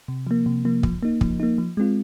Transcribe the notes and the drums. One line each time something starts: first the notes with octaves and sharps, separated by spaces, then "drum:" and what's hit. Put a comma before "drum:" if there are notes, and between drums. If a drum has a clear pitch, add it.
C3
F3 A#3
C3
F3 A#3
F3, drum: kick
A#3 D#4
F3, drum: kick
A#3 D#4
F3
G#3 C4 F4